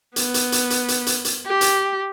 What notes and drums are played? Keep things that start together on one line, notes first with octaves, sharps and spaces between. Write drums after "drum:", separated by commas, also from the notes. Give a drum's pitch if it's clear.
B3, drum: hi-hat
drum: hi-hat
drum: hi-hat
drum: hi-hat
drum: hi-hat
drum: hi-hat
drum: hi-hat
G4
drum: hi-hat